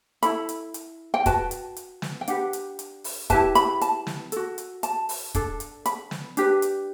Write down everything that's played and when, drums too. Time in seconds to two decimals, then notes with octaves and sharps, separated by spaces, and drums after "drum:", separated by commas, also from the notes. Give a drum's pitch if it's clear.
0.23 E4 A4 B5, drum: hi-hat
0.49 drum: hi-hat
0.74 drum: hi-hat
1.14 G5
1.26 F#4 B4 A5, drum: kick, hi-hat
1.51 drum: hi-hat
1.77 drum: hi-hat
2.02 drum: snare
2.21 G5
2.27 D4 G4 B4 F#5, drum: hi-hat
2.53 drum: hi-hat
2.79 drum: hi-hat
3.04 drum: open hi-hat
3.30 E4 G4 B4 A5, drum: kick, hi-hat
3.55 B5, drum: hi-hat
3.81 A5, drum: hi-hat
4.07 drum: snare
4.32 F#4 A4, drum: hi-hat
4.58 drum: hi-hat
4.83 A5, drum: hi-hat
5.09 drum: open hi-hat
5.34 D4 A4, drum: kick, hi-hat
5.60 drum: hi-hat
5.86 B5, drum: hi-hat
6.11 drum: snare
6.37 D4 G4 B4, drum: hi-hat
6.62 drum: hi-hat